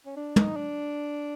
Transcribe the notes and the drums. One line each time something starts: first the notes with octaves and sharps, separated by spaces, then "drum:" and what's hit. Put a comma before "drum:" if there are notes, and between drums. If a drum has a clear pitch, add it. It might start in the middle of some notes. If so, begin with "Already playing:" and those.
C#4
D4
D#4, drum: tom
D4